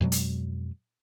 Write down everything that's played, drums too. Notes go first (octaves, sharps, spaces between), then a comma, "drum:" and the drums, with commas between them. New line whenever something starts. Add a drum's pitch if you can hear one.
F2 B2 F#3 G#3
drum: hi-hat